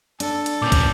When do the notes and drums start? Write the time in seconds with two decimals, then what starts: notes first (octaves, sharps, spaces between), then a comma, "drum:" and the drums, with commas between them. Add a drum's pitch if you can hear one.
0.20 D4 A4, drum: hi-hat
0.46 drum: hi-hat
0.62 A#2 C#4 D6 G6
0.72 drum: kick, hi-hat